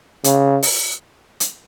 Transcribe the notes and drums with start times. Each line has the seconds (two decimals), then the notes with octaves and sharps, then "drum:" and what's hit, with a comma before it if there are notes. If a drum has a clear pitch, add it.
0.24 C#3, drum: hi-hat
0.63 drum: open hi-hat
1.40 drum: hi-hat